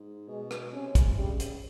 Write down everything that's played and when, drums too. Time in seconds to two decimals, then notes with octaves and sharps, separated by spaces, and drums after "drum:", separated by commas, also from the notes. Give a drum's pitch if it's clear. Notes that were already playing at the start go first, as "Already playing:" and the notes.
Already playing: G#2
0.29 B2 G#3
0.51 drum: rim click
0.73 C3 C#4
0.95 drum: kick, hi-hat
1.17 C#3 G3
1.40 drum: hi-hat